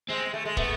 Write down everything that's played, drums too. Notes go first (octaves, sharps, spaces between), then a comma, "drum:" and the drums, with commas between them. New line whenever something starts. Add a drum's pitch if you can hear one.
G#3 C4
A3
G#3
A3 B3, drum: kick